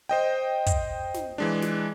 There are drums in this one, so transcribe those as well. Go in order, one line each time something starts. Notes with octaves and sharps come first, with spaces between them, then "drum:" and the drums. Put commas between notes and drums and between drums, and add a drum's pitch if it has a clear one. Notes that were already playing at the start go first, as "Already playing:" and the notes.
C5 D#5 G5
drum: kick, hi-hat
drum: snare
E3 G#3 D4
drum: snare